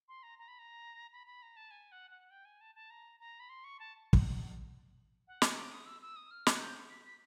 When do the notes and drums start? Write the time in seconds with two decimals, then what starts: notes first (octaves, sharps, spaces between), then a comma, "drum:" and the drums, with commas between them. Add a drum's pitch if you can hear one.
0.08 C6
0.23 A#5
0.39 A#5
0.48 B5
0.59 A#5
1.12 B5
1.27 B5
1.42 A#5
1.57 A5
1.71 G#5
1.92 F#5
2.11 F#5
2.31 G5
2.45 G#5
2.61 A5
2.75 A5
2.90 A#5
3.20 A#5
3.40 B5
3.49 C6
3.64 C#6
3.80 A5
4.13 drum: kick
5.28 F#5
5.42 G#5, drum: snare
5.58 D6
5.72 D#6
5.86 E6
6.02 E6
6.16 D#6
6.31 F6
6.47 F#6, drum: snare
6.60 G6
6.90 B6
7.05 B6